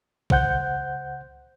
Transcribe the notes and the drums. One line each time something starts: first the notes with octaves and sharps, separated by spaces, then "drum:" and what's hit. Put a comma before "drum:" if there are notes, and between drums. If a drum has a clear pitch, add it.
C#2 C5 F#5 G6, drum: kick